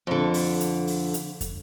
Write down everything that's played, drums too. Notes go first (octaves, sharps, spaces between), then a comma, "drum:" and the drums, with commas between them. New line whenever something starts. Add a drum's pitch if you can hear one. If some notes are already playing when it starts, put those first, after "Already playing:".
F2 D3
drum: open hi-hat
drum: hi-hat
drum: open hi-hat
drum: hi-hat
drum: kick, hi-hat